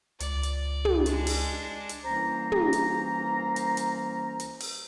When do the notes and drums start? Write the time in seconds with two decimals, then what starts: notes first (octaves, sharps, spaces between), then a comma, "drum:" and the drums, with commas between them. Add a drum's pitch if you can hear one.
0.20 C#2 D5, drum: hi-hat
0.43 drum: hi-hat
0.85 drum: tom
1.06 G#3 D4, drum: hi-hat
1.27 drum: open hi-hat
1.89 drum: hi-hat
2.04 C2 E3 A#3 C#4 C5 A#5
2.52 drum: tom
2.73 drum: hi-hat
3.56 drum: hi-hat
3.77 drum: hi-hat
4.40 drum: hi-hat
4.60 drum: open hi-hat